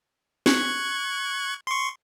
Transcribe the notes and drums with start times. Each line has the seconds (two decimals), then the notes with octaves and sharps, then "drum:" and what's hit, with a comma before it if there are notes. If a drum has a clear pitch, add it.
0.46 C#6 F#6 G#6, drum: snare
1.67 C6 C#6